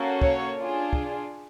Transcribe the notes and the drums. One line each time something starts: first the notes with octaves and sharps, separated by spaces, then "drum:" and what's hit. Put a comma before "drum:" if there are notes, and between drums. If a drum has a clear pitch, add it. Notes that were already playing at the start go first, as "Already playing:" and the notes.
Already playing: A#3 C#4 F#4 A4
C#5, drum: kick
D4 F4 G#4
drum: kick